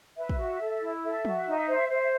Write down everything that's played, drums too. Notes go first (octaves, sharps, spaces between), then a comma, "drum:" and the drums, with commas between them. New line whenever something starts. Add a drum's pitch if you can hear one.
B4 E5
drum: kick
F#4
A4
E4
A4 E5
F#4, drum: tom F3
D#4
C5
C5